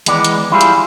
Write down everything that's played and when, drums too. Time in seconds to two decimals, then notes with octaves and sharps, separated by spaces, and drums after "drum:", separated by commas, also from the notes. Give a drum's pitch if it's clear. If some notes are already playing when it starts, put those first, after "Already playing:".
0.06 D#3 E3 G#3 B3 D5, drum: hi-hat
0.25 drum: hi-hat
0.51 G3 E4 F4 G4 G#4
0.61 drum: hi-hat